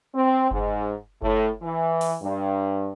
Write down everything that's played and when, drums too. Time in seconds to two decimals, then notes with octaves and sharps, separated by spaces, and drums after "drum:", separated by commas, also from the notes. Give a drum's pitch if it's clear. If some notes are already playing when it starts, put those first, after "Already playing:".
0.15 C4
0.51 G#2, drum: kick F#1
1.22 A2, drum: kick F#1
1.62 E3
2.01 drum: open hi-hat
2.22 G2